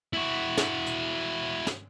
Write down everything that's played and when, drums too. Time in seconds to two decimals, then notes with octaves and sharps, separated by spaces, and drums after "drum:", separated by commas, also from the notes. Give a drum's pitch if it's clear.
0.13 E4 F#4
0.57 drum: snare
0.86 drum: hi-hat
1.67 drum: snare